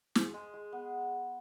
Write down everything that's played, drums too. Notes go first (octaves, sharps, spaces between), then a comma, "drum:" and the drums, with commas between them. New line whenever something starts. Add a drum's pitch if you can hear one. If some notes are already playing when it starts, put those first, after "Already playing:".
G#4, drum: snare
G#3
G#3
B3